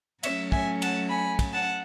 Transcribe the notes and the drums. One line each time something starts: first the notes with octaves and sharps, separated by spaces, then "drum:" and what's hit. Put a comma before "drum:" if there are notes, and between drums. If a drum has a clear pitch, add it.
F#3 A3 C#4 C#5 E5, drum: cymbal
E5 G#5, drum: kick
F#5 A5, drum: cymbal
G#5 B5
drum: kick, cymbal
F#5 A5